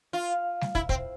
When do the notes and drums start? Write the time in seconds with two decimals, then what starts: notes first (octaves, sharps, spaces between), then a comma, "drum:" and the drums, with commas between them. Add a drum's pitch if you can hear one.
0.13 F4
0.61 drum: snare G3
0.75 E4, drum: kick
0.89 C4, drum: kick